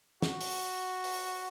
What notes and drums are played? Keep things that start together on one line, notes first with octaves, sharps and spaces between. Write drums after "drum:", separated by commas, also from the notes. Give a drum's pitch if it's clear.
F#4, drum: snare
drum: open hi-hat
drum: open hi-hat